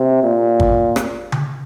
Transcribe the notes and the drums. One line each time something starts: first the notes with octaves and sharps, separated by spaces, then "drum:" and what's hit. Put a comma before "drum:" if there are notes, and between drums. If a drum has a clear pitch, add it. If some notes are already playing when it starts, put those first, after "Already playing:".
Already playing: C3
A#2
drum: kick
drum: rim click
drum: tom C#3